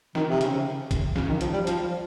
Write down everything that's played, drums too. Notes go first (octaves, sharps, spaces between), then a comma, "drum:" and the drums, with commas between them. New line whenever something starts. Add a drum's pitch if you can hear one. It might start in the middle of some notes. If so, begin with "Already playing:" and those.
D#3, drum: snare
C3
C#3, drum: hi-hat
drum: kick, hi-hat
C#3, drum: snare
D#3
F3, drum: hi-hat
G3
F3, drum: hi-hat